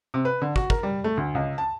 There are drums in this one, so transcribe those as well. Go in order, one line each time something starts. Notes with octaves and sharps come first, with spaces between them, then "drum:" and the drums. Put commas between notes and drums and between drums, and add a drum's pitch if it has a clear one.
C3
B4
D3
F#4, drum: kick
A#4, drum: kick
G3
A3
D2
C#2
A5